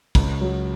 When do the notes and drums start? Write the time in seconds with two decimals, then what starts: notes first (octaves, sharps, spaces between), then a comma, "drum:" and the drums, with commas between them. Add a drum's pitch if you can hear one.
0.15 C#2, drum: kick, cymbal
0.41 F#3